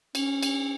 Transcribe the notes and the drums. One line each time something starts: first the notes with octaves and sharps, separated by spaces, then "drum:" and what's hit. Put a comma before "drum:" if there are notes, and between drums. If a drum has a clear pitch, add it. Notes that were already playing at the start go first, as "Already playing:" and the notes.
C#4, drum: cymbal
drum: cymbal